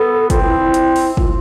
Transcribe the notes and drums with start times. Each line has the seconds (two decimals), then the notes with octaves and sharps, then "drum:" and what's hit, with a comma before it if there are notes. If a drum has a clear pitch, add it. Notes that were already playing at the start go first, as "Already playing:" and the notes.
Already playing: B3 A4
0.30 C4 F4, drum: kick, hi-hat
0.45 E4
0.59 E4
0.74 drum: hi-hat
0.96 drum: open hi-hat
1.17 F4, drum: kick